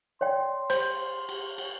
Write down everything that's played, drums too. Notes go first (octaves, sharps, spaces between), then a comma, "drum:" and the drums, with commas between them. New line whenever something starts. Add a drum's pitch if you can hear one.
C#5 D5 G5 C6
C5, drum: cymbal
drum: cymbal
drum: cymbal